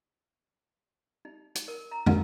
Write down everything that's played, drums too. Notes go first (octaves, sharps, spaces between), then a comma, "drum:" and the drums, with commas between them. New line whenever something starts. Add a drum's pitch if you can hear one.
D#4
D#4, drum: hi-hat
A#4
A#5
A#4, drum: tom